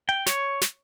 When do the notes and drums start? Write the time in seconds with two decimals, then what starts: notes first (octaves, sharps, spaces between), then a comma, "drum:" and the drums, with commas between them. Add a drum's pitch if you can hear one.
0.09 G5
0.26 C#5, drum: snare
0.61 drum: snare